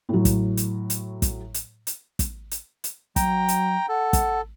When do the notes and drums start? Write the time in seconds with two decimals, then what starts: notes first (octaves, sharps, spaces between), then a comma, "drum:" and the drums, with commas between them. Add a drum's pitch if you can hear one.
0.09 A2 F#3
0.25 drum: kick, hi-hat
0.57 drum: hi-hat
0.90 drum: hi-hat
1.22 drum: kick, hi-hat
1.54 drum: hi-hat
1.87 drum: hi-hat
2.19 drum: kick, hi-hat
2.51 drum: hi-hat
2.84 drum: hi-hat
3.16 F#3 G5 A#5, drum: kick, hi-hat
3.48 drum: hi-hat
3.89 A4 F#5
4.13 drum: kick, hi-hat